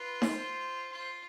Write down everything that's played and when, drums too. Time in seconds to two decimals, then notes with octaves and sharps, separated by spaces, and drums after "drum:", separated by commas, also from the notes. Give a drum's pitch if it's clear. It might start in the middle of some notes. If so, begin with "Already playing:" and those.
Already playing: F4 B4
0.22 drum: snare D#4
0.32 C5
0.92 F4